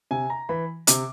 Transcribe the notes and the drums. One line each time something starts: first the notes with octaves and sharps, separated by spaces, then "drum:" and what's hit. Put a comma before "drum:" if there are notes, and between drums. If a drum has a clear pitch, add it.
C3 G#5
A#5
E3 B5
C3 D6, drum: hi-hat